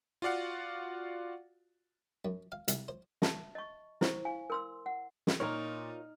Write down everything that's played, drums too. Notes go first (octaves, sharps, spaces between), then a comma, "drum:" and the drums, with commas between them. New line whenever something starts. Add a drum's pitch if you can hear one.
F4 F#4 D5 F5 F#5
F#2
F5
C2, drum: hi-hat
C5
E5 A5, drum: snare
D#5 C#6
E4 C5 C#6, drum: snare
F5 G#5
A#4 C6 E6
F#5
drum: snare
A#2 D#4 F4 A#4 C#5 F6